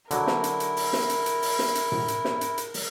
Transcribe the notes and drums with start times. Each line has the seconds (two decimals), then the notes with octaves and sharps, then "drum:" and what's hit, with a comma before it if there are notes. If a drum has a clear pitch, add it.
0.11 D3 F#3 E4 A#4, drum: hi-hat
0.27 drum: snare
0.44 drum: hi-hat
0.60 drum: hi-hat
0.77 drum: open hi-hat
0.93 drum: snare
1.09 drum: hi-hat
1.26 drum: hi-hat
1.42 drum: open hi-hat
1.59 drum: snare
1.75 drum: hi-hat
1.92 drum: tom A2
2.08 drum: hi-hat
2.25 drum: snare
2.41 drum: hi-hat
2.58 drum: hi-hat
2.74 drum: open hi-hat